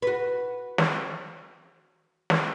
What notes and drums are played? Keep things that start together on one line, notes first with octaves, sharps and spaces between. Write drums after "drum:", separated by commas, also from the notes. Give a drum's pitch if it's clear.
F#4 B4
drum: snare
drum: snare